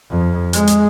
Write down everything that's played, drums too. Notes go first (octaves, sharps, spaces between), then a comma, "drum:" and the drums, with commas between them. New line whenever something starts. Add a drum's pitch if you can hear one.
F2
G#3, drum: hi-hat
drum: hi-hat